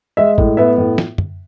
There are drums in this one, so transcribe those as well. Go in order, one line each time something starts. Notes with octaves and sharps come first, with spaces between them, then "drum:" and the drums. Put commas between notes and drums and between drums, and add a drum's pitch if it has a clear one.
G#3 E5
A2, drum: kick
B3 E5
A2
drum: snare
drum: tom